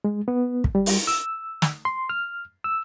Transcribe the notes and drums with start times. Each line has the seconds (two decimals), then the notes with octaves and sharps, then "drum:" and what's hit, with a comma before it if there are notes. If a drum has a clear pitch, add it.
0.04 G#3
0.28 B3
0.64 drum: kick
0.75 G3
0.86 drum: open hi-hat
1.07 E6
1.62 drum: snare
1.85 C6
2.09 F6
2.64 E6